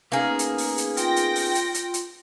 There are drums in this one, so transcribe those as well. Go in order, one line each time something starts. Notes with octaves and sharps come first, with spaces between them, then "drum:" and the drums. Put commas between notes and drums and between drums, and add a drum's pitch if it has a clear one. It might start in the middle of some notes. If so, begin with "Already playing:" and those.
A#3 B3 C#4 D#4 G#4 A#5
drum: hi-hat
drum: open hi-hat
drum: hi-hat
F4 G5 C6 A#6, drum: hi-hat
drum: hi-hat
drum: open hi-hat
drum: hi-hat
drum: hi-hat
drum: hi-hat